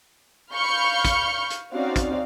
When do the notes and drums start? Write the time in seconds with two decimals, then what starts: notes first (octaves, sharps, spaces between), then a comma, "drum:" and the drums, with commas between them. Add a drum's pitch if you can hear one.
0.52 F5 B5 C#6 F6 G6 C#7
1.05 drum: kick, hi-hat
1.50 drum: hi-hat
1.73 C4 C#4 D#4 F#4 D5 F5
1.96 drum: kick, hi-hat